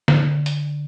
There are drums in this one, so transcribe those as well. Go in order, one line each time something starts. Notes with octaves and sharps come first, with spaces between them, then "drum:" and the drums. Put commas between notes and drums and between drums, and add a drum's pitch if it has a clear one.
D3, drum: snare
drum: hi-hat